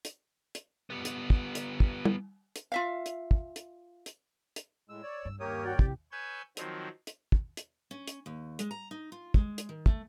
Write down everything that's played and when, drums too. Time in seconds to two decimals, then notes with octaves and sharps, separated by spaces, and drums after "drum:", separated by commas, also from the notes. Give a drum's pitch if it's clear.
0.05 drum: hi-hat
0.55 drum: hi-hat
0.90 G3 B3
1.05 drum: hi-hat
1.30 drum: kick
1.55 drum: hi-hat
1.80 drum: kick
2.05 drum: tom
2.56 drum: hi-hat
2.72 F4 E5 F5
3.06 drum: hi-hat
3.31 drum: kick
3.56 drum: hi-hat
4.06 drum: hi-hat
4.56 drum: hi-hat
4.89 A2 G#3 E6
5.03 C#5 D5
5.25 G2
5.40 D#2 A#3 G4 A#4 C#5 D#6
5.65 F#4 D5 G5
5.79 C2 F3 G4, drum: kick
6.12 B4 C#5 G#5 E6 G6
6.57 D#3 F3 F#3 C4, drum: hi-hat
7.07 drum: hi-hat
7.32 drum: kick
7.57 drum: hi-hat
7.91 C#4
8.08 drum: hi-hat
8.26 D#2
8.59 G#3, drum: hi-hat
8.71 A#5
8.91 D#4
9.12 F4
9.34 G#3, drum: kick
9.58 drum: hi-hat
9.69 D#3
9.86 A3, drum: kick